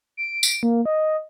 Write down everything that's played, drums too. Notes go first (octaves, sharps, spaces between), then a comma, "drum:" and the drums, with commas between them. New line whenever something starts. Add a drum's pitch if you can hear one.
D7
drum: tambourine
A#3
D#5